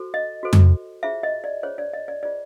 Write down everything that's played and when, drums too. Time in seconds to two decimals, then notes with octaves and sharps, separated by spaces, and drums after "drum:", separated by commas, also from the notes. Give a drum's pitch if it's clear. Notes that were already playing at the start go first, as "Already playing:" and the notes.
Already playing: F#4 A4 C5
0.14 D#5
0.43 F#4 A4 C5
0.53 drum: tom F2
1.03 F4 G#4 C5 E5
1.23 D#5
1.44 D5
1.63 F4 G#4 C5 C#5
1.78 D5
1.93 D#5
2.08 D5
2.23 F4 G#4 C5 D5